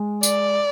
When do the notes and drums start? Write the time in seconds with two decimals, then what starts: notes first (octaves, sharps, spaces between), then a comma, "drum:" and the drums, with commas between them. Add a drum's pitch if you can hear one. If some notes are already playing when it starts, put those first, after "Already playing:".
Already playing: G#3
0.23 D5, drum: tambourine